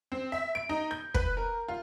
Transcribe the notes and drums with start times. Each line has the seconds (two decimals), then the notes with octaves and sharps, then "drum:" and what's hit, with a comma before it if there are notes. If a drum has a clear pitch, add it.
0.12 C4
0.32 E5
0.55 D7
0.69 D#4
0.91 G6
1.14 B4, drum: kick
1.37 A#4
1.68 F4